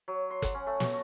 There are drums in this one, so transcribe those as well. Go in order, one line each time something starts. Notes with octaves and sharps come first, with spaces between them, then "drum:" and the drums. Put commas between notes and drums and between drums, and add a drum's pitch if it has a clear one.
F#3
C6
F#5, drum: kick, hi-hat
C#4
A3
F#4, drum: snare